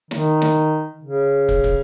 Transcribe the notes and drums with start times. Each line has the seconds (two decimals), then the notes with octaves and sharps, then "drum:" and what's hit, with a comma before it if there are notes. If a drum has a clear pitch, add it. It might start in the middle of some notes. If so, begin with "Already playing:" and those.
0.11 D#3, drum: snare
0.42 drum: snare
1.03 C#3
1.49 drum: kick
1.64 drum: kick